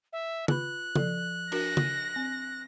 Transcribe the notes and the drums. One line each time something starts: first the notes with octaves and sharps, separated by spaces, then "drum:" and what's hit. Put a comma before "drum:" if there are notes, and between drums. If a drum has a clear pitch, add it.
E5
F4 B4 B5 F#6, drum: tom
F3 A4, drum: tom
D4 F#4 A#4 A#6, drum: cymbal
drum: tom
C4